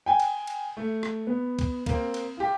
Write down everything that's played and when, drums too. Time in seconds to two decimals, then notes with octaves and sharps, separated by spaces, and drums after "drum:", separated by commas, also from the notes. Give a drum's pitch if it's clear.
0.06 G5 G#5
0.20 drum: cymbal
0.47 drum: cymbal
0.77 A3
1.03 drum: rim click
1.27 B3
1.59 drum: kick, cymbal
1.86 A#3 C4, drum: kick, cymbal
2.14 drum: cymbal
2.37 F4 G4